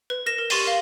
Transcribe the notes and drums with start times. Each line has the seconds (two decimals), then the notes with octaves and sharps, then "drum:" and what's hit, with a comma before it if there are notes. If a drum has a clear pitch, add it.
0.10 B4
0.26 A#4 A#6 E7
0.38 A#4
0.50 G4 C6 C#6 A6 D#7 G7, drum: open hi-hat
0.65 A#4 F5